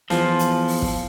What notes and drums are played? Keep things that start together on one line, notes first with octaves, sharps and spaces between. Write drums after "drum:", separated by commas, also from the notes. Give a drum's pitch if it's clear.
E2 F3 F4, drum: snare
drum: hi-hat
drum: open hi-hat
drum: kick